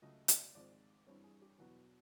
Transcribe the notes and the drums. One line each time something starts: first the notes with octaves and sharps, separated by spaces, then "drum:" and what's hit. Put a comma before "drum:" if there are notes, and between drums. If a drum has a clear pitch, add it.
C#2 C#3 F#3 A3 D#5
D5, drum: hi-hat
G#1 G#2 F3 G#3 C4 D5
G2 E3 G3 C4 C#5
G#4
G4
E2 B2 F#3 B3 F#4